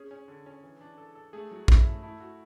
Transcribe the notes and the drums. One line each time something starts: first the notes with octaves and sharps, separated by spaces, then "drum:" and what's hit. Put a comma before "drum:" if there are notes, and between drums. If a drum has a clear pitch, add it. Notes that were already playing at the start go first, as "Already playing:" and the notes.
Already playing: C#4 G#4
C#4
D3
C#4
E3
D4
A4
A4
A3 G#4
F#3
C#4 E4, drum: kick
A3
A3 E4
F#4